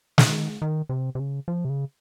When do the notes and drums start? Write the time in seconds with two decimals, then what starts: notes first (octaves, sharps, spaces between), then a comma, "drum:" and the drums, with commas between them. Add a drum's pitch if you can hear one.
0.18 D#3, drum: snare
0.62 D#3
0.89 C3
1.15 C3
1.20 C#3
1.48 F3
1.65 C3
1.70 C#3